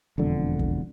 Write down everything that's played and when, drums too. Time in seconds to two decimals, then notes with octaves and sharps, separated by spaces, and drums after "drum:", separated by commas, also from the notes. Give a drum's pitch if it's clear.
0.18 E1 F2 D3
0.59 drum: kick